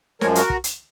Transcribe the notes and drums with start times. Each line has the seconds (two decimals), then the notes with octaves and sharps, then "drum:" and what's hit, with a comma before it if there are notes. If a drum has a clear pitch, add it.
0.21 F#2 F3 G#3 A#4 C#5, drum: snare
0.35 F#4 A#4, drum: hi-hat
0.50 drum: kick
0.64 drum: hi-hat